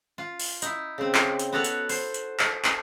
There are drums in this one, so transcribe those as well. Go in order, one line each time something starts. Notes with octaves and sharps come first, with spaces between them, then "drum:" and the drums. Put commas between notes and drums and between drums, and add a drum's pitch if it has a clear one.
F4
drum: open hi-hat
D#4 E4, drum: hi-hat
C#3 C4
drum: clap
drum: hi-hat
B3 F#4 A4 C#5 F#5
drum: hi-hat
C5, drum: open hi-hat
drum: hi-hat
drum: clap
drum: clap